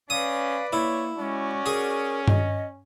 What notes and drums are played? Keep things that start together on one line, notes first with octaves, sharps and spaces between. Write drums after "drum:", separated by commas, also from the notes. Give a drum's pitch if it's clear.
C#4 B4 D5 F5 D#6
A#3 E4 C#5
G#3 C#4 F#4 D5
G#4 A#4
D#5, drum: tom G2